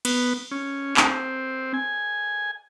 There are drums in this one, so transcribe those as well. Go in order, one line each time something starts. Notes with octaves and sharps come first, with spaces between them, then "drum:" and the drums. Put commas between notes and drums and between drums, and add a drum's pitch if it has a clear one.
B3, drum: cymbal
C#4
C4, drum: clap
G#5